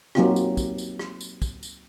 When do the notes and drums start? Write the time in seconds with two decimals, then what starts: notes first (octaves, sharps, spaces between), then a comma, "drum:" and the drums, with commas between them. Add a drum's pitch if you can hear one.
0.15 F#3 A#3 C4 D#4 F4 G4, drum: rim click
0.36 drum: tambourine
0.57 drum: kick, tambourine
0.78 drum: tambourine
0.99 drum: rim click
1.21 drum: tambourine
1.42 drum: kick, tambourine
1.63 drum: tambourine